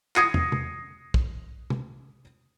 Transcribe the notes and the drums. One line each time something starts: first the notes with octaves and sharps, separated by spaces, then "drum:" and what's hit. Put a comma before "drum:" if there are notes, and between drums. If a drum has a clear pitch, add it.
D#6 G#6 A#6 C7 C#7 D#7, drum: clap
drum: tom
drum: tom C3
drum: kick
drum: tom C3